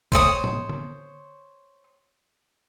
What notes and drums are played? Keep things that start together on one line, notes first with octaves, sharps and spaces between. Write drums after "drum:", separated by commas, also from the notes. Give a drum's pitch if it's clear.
C5 C#5 D#5 D#6, drum: kick
drum: tom A2
drum: tom D3